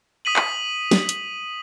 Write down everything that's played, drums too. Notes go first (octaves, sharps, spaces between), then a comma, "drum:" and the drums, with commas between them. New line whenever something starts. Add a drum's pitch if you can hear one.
D#6 B6 D#7 F#7
drum: clap
drum: snare
drum: hi-hat